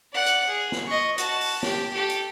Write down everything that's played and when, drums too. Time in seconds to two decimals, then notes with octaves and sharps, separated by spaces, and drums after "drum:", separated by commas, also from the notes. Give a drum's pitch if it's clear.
0.13 D5 F#5
0.26 drum: hi-hat
0.47 G#4
0.72 drum: snare
0.86 D#5 C#6
1.18 F#4 A5, drum: hi-hat
1.41 drum: open hi-hat
1.63 G4, drum: snare
1.94 G4 A4
2.10 drum: hi-hat